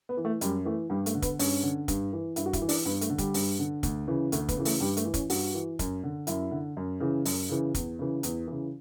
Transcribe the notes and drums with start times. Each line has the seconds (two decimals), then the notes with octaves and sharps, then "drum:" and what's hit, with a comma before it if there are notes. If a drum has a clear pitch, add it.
0.09 B3
0.17 E3
0.25 A3
0.41 F#2 G3, drum: hi-hat
0.65 E3 A3
0.90 G2 G3
1.06 A3, drum: hi-hat
1.15 D3
1.22 B3, drum: kick, hi-hat
1.39 G2 C#4, drum: open hi-hat
1.63 D3
1.88 G2, drum: kick, hi-hat
2.13 E3
2.36 G2 E4, drum: hi-hat
2.46 F#4
2.53 E4, drum: kick, hi-hat
2.62 E3
2.69 D4, drum: open hi-hat
2.85 G2 B3
3.01 A3, drum: hi-hat
3.10 D3
3.18 G3, drum: kick, hi-hat
3.34 G2, drum: open hi-hat
3.59 D3
3.83 D2, drum: kick, hi-hat
4.07 C#3 E3
4.32 D2 A3, drum: hi-hat
4.49 B3, drum: kick, hi-hat
4.57 C#3 E3
4.65 A3, drum: open hi-hat
4.80 G2 G3
4.97 A3, drum: hi-hat
5.05 E3
5.14 C#4, drum: kick, hi-hat
5.30 G2 F#4, drum: open hi-hat
5.54 E3
5.79 F#2, drum: kick, hi-hat
6.04 D3
6.27 F#2 E4, drum: hi-hat
6.51 D3
6.77 F#2
7.00 C#3 E3
7.25 F#2, drum: open hi-hat
7.49 C#3 E3
7.75 E2, drum: kick, hi-hat
7.99 C#3 E3
8.23 E2, drum: hi-hat
8.47 C#3 E3